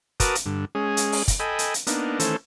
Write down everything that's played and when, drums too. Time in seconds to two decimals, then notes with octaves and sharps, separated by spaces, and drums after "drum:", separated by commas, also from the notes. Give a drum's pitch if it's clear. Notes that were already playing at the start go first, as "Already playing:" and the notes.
0.20 F#4 A#4 B4 A5 D6 D#6, drum: kick, hi-hat
0.35 drum: hi-hat
0.46 G2 D3
0.75 G#3 C#4 G#4
0.97 drum: hi-hat
1.12 drum: open hi-hat
1.28 drum: kick, hi-hat
1.40 A4 D#5 G5 G#5 B5
1.59 drum: hi-hat
1.74 drum: hi-hat
1.87 A#3 B3 D4 D#4, drum: hi-hat
2.20 D#3 E3 A3 C#4 A4 C5, drum: hi-hat